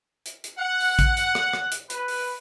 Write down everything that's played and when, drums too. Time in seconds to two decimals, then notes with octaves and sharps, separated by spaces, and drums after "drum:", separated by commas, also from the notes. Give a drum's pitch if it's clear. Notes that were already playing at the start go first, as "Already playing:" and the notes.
0.26 drum: hi-hat
0.44 drum: hi-hat
0.57 F#5
0.80 drum: open hi-hat
0.99 drum: kick A1, hi-hat
1.17 drum: hi-hat
1.35 drum: rim click
1.53 drum: rim click
1.72 drum: hi-hat
1.90 B4, drum: hi-hat
2.08 drum: open hi-hat